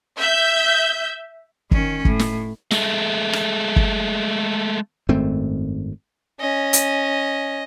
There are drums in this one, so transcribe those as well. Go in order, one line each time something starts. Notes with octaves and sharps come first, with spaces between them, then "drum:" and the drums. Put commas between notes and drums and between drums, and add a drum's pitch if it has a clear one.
E5 G6
D#3 C#4, drum: kick
A2, drum: kick
drum: snare
G#3 A3, drum: snare
drum: rim click
drum: kick
G#1 F#2 A3 C4
C#4 D#5
drum: hi-hat